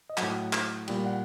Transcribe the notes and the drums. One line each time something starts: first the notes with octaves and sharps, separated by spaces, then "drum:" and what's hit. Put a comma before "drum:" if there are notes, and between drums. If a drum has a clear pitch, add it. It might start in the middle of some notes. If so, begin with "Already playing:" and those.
D#5
A2 F#3 F#5, drum: clap
drum: clap
A#2 G3 G5, drum: cymbal
F#5